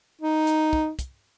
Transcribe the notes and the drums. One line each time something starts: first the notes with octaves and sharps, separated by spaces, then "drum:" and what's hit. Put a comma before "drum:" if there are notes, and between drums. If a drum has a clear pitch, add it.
D#4
drum: hi-hat
drum: kick
drum: kick, hi-hat